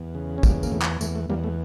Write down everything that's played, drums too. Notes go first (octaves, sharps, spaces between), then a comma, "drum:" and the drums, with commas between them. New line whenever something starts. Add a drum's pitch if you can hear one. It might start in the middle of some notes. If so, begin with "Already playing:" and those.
Already playing: E2
C#3
C#4
E2 G3 A#3, drum: kick, tambourine
A#3, drum: tambourine
E2 A3
drum: clap
E2 A3, drum: tambourine
A3
E2 G3 A#3
A3